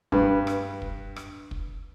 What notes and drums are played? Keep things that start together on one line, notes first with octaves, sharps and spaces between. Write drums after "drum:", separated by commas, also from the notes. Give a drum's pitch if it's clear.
G2 B4, drum: kick
drum: rim click
drum: kick
drum: rim click
drum: kick